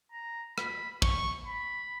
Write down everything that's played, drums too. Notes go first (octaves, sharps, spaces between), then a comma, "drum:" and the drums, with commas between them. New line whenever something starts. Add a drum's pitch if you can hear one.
A#5
B5, drum: rim click
C#6, drum: kick
B5